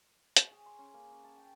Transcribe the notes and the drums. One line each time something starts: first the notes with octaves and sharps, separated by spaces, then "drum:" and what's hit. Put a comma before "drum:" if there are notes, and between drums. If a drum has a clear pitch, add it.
C#5, drum: hi-hat
G#4
C6
C#4
A#3
C#5
A5
G5